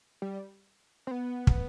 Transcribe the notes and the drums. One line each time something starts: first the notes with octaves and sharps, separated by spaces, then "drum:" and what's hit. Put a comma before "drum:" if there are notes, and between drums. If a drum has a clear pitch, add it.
G3
C4
B3
drum: kick